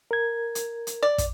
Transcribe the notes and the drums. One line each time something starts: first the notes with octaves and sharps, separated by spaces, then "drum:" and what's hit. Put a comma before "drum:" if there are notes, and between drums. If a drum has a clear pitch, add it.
A#4 G#6
drum: hi-hat
drum: hi-hat
D5
drum: kick, hi-hat